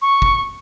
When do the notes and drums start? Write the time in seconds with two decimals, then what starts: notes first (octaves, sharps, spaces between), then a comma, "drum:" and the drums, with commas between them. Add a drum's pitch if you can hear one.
0.02 C#6
0.22 drum: kick